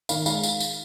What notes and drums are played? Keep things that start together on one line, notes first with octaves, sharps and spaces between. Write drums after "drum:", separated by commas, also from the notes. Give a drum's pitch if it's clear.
D#3 F5, drum: tambourine
G#3 F5, drum: tambourine
drum: tambourine
drum: tambourine